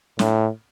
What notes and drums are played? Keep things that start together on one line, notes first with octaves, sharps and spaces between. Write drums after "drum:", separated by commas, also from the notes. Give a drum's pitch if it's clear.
A2, drum: snare